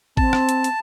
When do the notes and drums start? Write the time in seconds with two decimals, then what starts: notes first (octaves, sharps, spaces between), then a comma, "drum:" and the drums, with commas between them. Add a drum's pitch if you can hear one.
0.17 C4 A5, drum: kick
0.33 drum: rim click
0.49 drum: hi-hat
0.64 drum: hi-hat